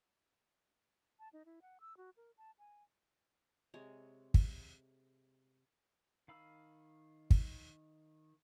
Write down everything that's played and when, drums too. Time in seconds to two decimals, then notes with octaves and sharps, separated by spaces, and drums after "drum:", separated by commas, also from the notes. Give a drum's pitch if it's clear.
1.19 A5
1.33 D#4
1.45 E4
1.62 F#5
1.80 E6
1.97 F#4
2.17 A#4
2.37 A5
2.59 G#5
3.74 C3 G#3 C#5
4.34 drum: kick
6.28 D#3 F5 B5 E6
7.30 drum: kick